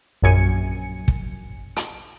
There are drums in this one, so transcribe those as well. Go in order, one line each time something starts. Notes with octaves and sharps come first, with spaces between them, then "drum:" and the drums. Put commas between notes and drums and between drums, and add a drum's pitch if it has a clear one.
A#1 F#2 G#5 C#7
drum: kick
drum: hi-hat